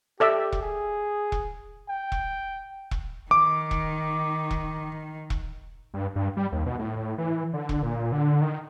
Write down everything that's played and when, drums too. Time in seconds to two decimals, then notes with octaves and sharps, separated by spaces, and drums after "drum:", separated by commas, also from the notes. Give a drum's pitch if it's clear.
0.20 G4 A4 D5 E5
0.52 drum: kick E1
0.62 G#4
1.32 drum: kick E1
1.89 G5
2.12 drum: kick E1
2.91 drum: kick E1
3.31 D#3 D6
3.71 drum: kick E1
4.51 drum: kick E1
5.30 drum: kick E1
5.94 G2
6.16 G2
6.37 G3
6.52 D#2
6.66 B2
6.79 A2
6.96 A2
7.18 E3
7.53 D3
7.69 drum: kick E1
7.83 A#2
8.12 D3
8.41 D#3